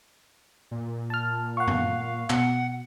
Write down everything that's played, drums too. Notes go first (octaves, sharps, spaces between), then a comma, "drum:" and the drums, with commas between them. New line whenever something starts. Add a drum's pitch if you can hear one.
A#2
A5 F6
F5 F#5 C#6
drum: tom F#2
B2 F#5, drum: clap